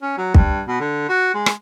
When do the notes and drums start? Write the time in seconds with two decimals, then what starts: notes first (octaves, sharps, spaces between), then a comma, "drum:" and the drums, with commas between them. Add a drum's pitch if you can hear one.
0.02 C#4
0.18 F#3
0.34 G2, drum: kick
0.67 B2
0.80 D3
1.09 F#4
1.34 G#3
1.46 drum: rim click